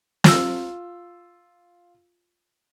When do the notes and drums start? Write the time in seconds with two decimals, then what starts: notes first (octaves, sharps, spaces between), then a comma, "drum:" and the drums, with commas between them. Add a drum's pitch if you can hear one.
0.24 F4 E6, drum: snare